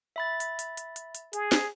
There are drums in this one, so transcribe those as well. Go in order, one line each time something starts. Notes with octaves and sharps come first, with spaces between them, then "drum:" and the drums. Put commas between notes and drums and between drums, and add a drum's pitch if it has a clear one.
E5 B5 A6
drum: hi-hat
drum: hi-hat
drum: hi-hat
drum: hi-hat
drum: hi-hat
G#4, drum: hi-hat
drum: snare